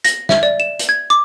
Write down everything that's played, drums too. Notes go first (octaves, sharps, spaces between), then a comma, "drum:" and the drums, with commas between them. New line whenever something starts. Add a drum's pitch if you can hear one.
A#6, drum: hi-hat
E5, drum: snare
D5
E7
drum: hi-hat
G#6
D6